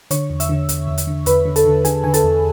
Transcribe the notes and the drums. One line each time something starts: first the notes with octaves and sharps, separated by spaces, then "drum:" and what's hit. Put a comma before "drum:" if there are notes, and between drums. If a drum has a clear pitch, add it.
D3 C#5 C#6, drum: hi-hat
E2
E5 E6, drum: hi-hat
D3
E2, drum: hi-hat
E2
drum: hi-hat
D3
E2 B4 B5, drum: hi-hat
D3
A4 A5, drum: hi-hat
D3
D3 G#4 G#5, drum: hi-hat
D3 G#5
A4 A5, drum: hi-hat
E2